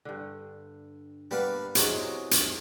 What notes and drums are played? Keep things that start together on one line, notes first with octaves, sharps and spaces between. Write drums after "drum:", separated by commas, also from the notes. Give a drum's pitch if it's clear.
G2 D3
G3 A#3 B3 D4 B4 F5
C3 E3 F#3 G#3 F#4, drum: hi-hat
drum: hi-hat